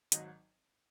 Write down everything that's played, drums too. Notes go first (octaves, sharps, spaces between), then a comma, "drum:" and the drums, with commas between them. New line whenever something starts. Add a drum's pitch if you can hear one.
G#1 G#2 F#3 D#5, drum: hi-hat